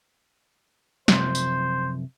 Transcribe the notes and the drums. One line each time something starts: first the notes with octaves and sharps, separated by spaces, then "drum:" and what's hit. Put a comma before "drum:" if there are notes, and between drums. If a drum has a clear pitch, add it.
F#2 C3 F3 C5, drum: snare
drum: tambourine